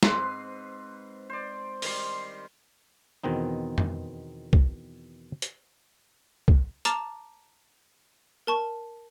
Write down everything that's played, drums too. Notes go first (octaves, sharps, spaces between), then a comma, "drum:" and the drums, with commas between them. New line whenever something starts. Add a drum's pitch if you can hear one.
G#2 C4 B4 C6, drum: snare
C5 D5
D#3 G3 C6, drum: open hi-hat
E2 B2 D#3 C4 D#4
drum: tom F2
drum: kick
drum: hi-hat
drum: kick
A5 A#5 D6 F6 A6, drum: hi-hat
A#4 A5 C#6